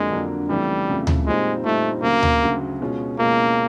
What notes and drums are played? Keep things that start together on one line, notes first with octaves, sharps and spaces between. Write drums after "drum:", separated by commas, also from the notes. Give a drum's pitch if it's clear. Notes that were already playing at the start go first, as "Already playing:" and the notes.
Already playing: F2 D3 F#3 G#3 A#3 D4
F2 D3 F#3 A#3 D4
F2 C#3 E3 G3 A3
F2 C#3 E3 A3
drum: tom D2
A#2 G3 G#3 C4 D#4
A#2 G3 A3 C4 D#4
D2 C#3 F#3 A#3
drum: tom D2
D2 C#3 F#3
B2 G#3 C#4 F4
B2 G#3 A#3 C#4 F4